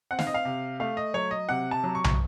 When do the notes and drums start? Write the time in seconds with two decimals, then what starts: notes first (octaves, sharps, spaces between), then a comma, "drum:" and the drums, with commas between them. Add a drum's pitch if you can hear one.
0.11 C4 F#5
0.19 F5, drum: snare
0.27 D#5
0.34 F5
0.45 C3
0.80 A3 F5
0.97 D#5
1.14 F#3 C#5
1.31 D#5
1.49 C3 F#5
1.71 A5
1.84 F#3
1.95 C#6
2.04 drum: tom